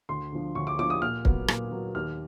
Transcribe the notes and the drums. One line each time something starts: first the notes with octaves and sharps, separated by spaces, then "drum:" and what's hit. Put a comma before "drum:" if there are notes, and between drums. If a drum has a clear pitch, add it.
D2 C6
D3 F3
D2 C#6
D6
D3 F3 D6
D#6
A#2 F6
F#3 B3, drum: kick
A#2, drum: rim click
F#3 B3
D#2 F6